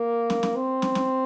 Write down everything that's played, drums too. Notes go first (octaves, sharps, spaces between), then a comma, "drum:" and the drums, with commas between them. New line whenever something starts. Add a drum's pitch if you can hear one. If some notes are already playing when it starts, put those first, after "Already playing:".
Already playing: A#3
drum: snare
drum: snare
C4
drum: snare
drum: snare